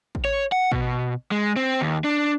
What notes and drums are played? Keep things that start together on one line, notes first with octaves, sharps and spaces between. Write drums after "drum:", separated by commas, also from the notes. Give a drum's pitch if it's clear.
drum: kick A1
C#5
F#5
B2, drum: kick A1
G#3
C4
D#2
D4